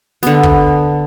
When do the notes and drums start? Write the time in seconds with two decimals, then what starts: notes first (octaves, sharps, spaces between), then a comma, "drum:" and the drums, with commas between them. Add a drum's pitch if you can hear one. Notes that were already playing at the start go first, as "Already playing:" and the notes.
0.23 D3 B3, drum: snare
0.43 drum: kick